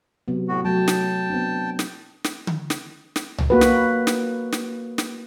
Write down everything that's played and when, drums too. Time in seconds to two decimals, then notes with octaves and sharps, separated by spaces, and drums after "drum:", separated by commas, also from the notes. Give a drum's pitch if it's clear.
0.28 C3 F#3 B3
0.48 A2 F#4
0.65 F#3 A3 G5 A5
0.88 drum: snare
1.30 B3 C4 D4
1.79 drum: snare
2.24 drum: snare
2.47 drum: tom D3
2.70 drum: snare
3.16 drum: snare
3.38 drum: tom C2
3.50 A#3 F#4 B4
3.61 drum: snare
4.07 drum: snare
4.52 drum: snare
4.98 drum: snare